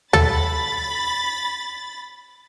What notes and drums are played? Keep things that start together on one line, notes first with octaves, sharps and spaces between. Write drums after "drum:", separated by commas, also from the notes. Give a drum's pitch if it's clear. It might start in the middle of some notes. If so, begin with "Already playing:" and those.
A4 B5 A6, drum: tom